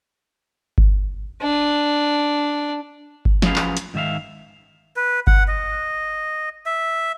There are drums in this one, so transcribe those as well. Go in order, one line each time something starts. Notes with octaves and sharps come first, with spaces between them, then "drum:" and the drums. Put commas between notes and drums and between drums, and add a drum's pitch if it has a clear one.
drum: kick G1
D4
drum: kick G1
F3 F#3 C#4 G#4 B4 F5, drum: snare
drum: clap
drum: hi-hat
G#2 D#3 E5 F5
B4
F#5, drum: kick G1
D#5
E5